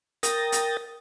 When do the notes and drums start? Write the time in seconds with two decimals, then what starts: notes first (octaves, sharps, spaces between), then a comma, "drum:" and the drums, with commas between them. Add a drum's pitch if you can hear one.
0.23 A#4 G5 D#6 A6 A#6, drum: hi-hat
0.52 drum: hi-hat